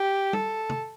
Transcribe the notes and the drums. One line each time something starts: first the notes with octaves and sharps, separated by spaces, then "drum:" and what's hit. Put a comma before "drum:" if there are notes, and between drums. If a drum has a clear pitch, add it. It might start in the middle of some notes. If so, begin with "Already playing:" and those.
Already playing: G4
A4, drum: tom
drum: tom